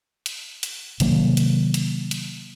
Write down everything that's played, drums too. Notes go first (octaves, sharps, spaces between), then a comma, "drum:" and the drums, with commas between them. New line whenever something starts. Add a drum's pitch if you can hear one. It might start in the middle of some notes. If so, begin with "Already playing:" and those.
drum: hi-hat
drum: hi-hat
C3 D#3 F#3 A#3, drum: hi-hat
drum: hi-hat
drum: hi-hat
drum: hi-hat